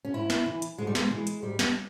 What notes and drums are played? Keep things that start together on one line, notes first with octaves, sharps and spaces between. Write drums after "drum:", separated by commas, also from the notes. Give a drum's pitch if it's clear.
C#4
G#2 E4
drum: snare
E3
drum: hi-hat
G#2 G#3
G3
G#3, drum: snare
E3 G#3
drum: hi-hat
G#2 G3
drum: snare